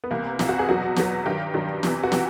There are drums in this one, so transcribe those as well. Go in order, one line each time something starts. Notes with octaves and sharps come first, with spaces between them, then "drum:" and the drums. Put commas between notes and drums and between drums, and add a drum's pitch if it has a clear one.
B3
C2 C3 E3 A#3
C2 C3 E3, drum: snare
F#4
G#4
E2 B2 F#3 F#4
E2 B2 F#3, drum: snare
G2 D#3 F#3 G4
G2 D#3 F#3
E2 C3 E3, drum: snare
F#4
C3 E3 G4, drum: snare